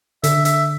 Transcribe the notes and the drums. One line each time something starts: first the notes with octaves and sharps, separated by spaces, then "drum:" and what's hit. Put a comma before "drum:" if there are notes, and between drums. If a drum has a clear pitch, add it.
D3 E5, drum: hi-hat
E5, drum: hi-hat